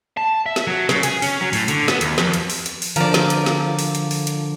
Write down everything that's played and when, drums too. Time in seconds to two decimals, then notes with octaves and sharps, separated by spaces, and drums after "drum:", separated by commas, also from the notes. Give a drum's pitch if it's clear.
0.17 A5
0.46 E5
0.56 drum: snare
0.67 F#3
0.89 C#3, drum: snare
1.03 G#4, drum: hi-hat
1.22 C#4, drum: open hi-hat
1.41 F#3
1.53 A2, drum: open hi-hat
1.68 D3, drum: hi-hat
1.88 B3, drum: snare
2.01 D#2, drum: hi-hat
2.18 F2, drum: snare
2.34 drum: hi-hat
2.50 drum: open hi-hat
2.66 drum: hi-hat
2.82 drum: open hi-hat
2.96 D3 F3 A#4 D5, drum: hi-hat
3.14 drum: snare
3.30 drum: hi-hat
3.46 drum: snare
3.79 drum: open hi-hat
3.95 drum: hi-hat
4.11 drum: open hi-hat
4.27 drum: hi-hat